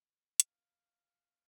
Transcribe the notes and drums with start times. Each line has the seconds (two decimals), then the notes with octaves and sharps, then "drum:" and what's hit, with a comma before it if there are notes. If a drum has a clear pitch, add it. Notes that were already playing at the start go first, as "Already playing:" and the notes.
0.40 F5, drum: hi-hat